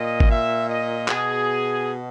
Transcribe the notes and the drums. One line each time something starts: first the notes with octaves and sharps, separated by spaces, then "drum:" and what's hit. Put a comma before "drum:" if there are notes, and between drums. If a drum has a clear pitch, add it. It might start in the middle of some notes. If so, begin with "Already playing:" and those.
Already playing: A#2 D#5
drum: kick G#1
E5
D#5
B2 G#4, drum: clap